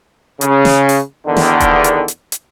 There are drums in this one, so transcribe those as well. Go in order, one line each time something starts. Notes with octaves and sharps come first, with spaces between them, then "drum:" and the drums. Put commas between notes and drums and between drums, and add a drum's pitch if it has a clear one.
C#3, drum: hi-hat
drum: snare
drum: open hi-hat
E2 D3 D#3
drum: snare
drum: kick D#1, hi-hat
drum: hi-hat
drum: hi-hat
drum: hi-hat